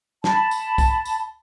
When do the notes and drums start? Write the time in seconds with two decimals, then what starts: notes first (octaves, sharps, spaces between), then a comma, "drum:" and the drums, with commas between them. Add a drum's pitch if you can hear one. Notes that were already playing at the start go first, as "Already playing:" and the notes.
0.24 A5 B5, drum: snare
0.51 drum: tambourine
0.78 drum: kick, tambourine
1.05 drum: tambourine